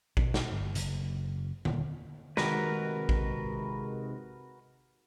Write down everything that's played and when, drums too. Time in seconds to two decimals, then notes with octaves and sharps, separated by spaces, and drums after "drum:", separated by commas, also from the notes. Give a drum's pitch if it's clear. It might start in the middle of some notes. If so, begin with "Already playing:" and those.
0.17 B2, drum: kick A1
0.34 drum: snare
0.52 G1
0.75 F#1, drum: hi-hat
1.65 D#1, drum: tom D3
2.37 C3 D#3 G#3 F#4 A#4 B4, drum: snare
3.09 drum: kick A1